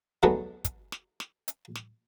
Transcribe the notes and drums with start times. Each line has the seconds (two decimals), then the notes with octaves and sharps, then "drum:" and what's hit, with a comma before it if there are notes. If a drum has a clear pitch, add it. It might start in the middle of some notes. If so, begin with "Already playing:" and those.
0.23 D3 F#3 G#3 A3 B3 G#4
0.64 drum: kick, hi-hat
0.92 drum: snare
1.20 drum: snare
1.48 drum: hi-hat
1.75 drum: snare